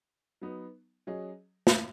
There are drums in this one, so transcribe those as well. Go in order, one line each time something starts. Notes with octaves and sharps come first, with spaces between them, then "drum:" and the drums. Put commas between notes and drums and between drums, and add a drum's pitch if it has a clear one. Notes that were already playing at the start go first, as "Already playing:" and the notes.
F#3 B3 D#4
F#3 C#4 G#4 D#5
drum: snare